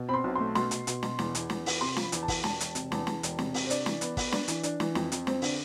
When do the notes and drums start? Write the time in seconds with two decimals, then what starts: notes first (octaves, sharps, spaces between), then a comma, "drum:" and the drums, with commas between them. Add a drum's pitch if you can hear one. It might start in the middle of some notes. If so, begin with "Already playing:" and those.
Already playing: B2
0.08 C4 B5
0.14 C6
0.24 B1
0.35 A3 C6
0.55 B2 C6, drum: snare
0.71 B2, drum: hi-hat
0.87 B2, drum: hi-hat
1.03 B2, drum: snare
1.19 E2, drum: snare
1.35 E2, drum: hi-hat
1.50 E2, drum: snare
1.66 E2, drum: open hi-hat
1.81 C3 C6
1.97 F3, drum: snare
2.03 B5
2.12 E2, drum: hi-hat
2.23 A5
2.28 E2, drum: kick, open hi-hat
2.44 E1 A5, drum: snare
2.60 E1, drum: hi-hat
2.75 C3, drum: hi-hat
2.92 E2, drum: snare
3.07 E2, drum: snare
3.23 E1, drum: hi-hat
3.39 C3, drum: snare
3.54 C3, drum: open hi-hat
3.66 C5
3.70 D4 D5, drum: hi-hat
3.86 E3, drum: snare
4.01 B3, drum: hi-hat
4.17 B3, drum: kick, open hi-hat
4.32 D4, drum: snare
4.48 E3, drum: hi-hat
4.63 D4, drum: hi-hat
4.80 E3, drum: snare
4.95 F2, drum: snare
5.12 F2, drum: hi-hat
5.27 C4, drum: snare
5.42 D3, drum: open hi-hat